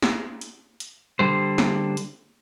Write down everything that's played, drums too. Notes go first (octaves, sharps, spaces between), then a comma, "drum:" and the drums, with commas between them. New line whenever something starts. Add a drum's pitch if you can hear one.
drum: snare
drum: hi-hat
drum: hi-hat
D3 G3 C5
drum: snare
drum: hi-hat